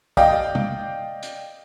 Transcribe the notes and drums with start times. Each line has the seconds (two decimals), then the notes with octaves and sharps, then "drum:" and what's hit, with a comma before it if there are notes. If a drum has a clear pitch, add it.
0.17 D5 D#5 F5 G5, drum: kick
0.55 drum: tom
1.23 drum: hi-hat